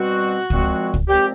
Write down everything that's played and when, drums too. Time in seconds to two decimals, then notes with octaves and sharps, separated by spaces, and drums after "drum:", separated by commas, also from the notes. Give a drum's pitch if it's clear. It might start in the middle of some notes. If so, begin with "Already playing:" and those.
Already playing: B2 G3 C4 F#4
0.50 A#2 F3 G#3 C4, drum: kick
0.94 drum: kick
1.08 A#2 F3 G#3 C4 G4